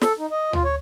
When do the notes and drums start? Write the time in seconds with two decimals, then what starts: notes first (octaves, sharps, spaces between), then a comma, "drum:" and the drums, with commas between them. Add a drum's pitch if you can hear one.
0.01 A4, drum: snare
0.19 D#4
0.31 D#5
0.53 F4, drum: tom D2
0.64 C#5